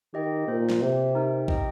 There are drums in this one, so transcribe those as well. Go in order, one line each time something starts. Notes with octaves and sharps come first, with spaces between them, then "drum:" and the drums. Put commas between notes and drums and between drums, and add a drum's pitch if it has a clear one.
D#3 G4 D#5 G5
A#2 A#3 F4 C5
drum: snare
C3 C4 G4 C5
D#4 A#4 G5
G4 D#5 G5, drum: kick